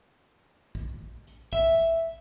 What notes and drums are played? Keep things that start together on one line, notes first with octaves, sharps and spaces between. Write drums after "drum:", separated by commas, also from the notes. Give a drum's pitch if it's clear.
drum: kick, hi-hat
drum: hi-hat
E5, drum: kick
drum: hi-hat